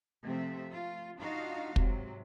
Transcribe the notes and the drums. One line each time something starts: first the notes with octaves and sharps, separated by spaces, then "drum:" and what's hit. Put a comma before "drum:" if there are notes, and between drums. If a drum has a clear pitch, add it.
C3 F3 A3 C4 E5
A3 F4
D4 D#4 F4 F#4 F5
G#2 C3 F#3, drum: kick